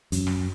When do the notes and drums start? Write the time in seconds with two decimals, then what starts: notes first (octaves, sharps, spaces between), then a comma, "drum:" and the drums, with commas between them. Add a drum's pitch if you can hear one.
0.12 F#2, drum: hi-hat
0.27 drum: rim click